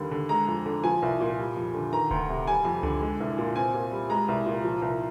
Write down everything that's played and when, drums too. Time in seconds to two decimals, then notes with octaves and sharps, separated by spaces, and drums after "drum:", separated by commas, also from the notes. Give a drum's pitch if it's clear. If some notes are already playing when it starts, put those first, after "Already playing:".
Already playing: D#2 D3 G3
0.11 D3
0.29 G#3 A#5
0.48 F2
0.66 D3
0.84 F3 G#5
1.02 C2
1.20 A#2
1.38 G3
1.57 F2
1.74 D3
1.92 D#3 A#5
2.11 D2, drum: kick D1
2.30 C3
2.47 G3 G#5
2.65 F2
2.83 D3, drum: tom C#2
3.01 G#3
3.20 C2
3.38 A#2
3.56 C4 G#5
3.74 A#2
3.92 G3
4.10 G#3 A#5
4.28 C2
4.46 A#2
4.64 F3
4.82 C2